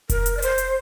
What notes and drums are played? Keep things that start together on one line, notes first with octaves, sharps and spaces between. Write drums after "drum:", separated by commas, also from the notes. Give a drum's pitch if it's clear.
A#4, drum: kick F1, hi-hat
drum: hi-hat
D5
C5, drum: hi-hat
drum: hi-hat